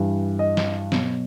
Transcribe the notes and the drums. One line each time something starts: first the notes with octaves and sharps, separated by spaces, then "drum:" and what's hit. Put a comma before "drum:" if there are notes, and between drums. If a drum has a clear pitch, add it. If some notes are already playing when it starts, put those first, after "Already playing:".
Already playing: G2 E3 G3
D#5
drum: snare
B2 F#3, drum: snare